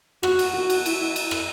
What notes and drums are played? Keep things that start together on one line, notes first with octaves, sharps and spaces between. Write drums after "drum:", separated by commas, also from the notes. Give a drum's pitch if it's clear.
F#4, drum: rim click
drum: cymbal
F#4
drum: cymbal
E4, drum: cymbal
drum: cymbal
drum: rim click